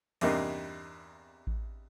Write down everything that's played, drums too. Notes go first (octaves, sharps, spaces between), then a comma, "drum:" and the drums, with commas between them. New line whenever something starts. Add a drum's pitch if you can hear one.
E2 G2 C3 A#3 D#4, drum: cymbal
drum: kick A1